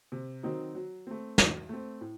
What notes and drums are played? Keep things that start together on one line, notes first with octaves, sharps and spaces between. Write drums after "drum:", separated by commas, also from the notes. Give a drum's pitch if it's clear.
C3
D#3 F#3 C4 D#4
F#3
A3 C4
F#3, drum: snare
A3 C4
A2